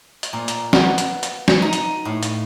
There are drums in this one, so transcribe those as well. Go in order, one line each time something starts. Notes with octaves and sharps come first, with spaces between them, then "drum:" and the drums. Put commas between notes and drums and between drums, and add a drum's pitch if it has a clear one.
drum: hi-hat
A#2
drum: hi-hat
B3, drum: snare
drum: hi-hat
drum: hi-hat
drum: snare
D#4
drum: hi-hat
A2
drum: hi-hat